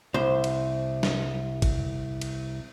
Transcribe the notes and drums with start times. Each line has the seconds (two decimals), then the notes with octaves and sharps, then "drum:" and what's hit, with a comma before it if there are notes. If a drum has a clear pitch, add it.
0.14 C2 C5
0.44 drum: cymbal
1.03 drum: snare
1.62 drum: kick G#1, cymbal
2.21 drum: cymbal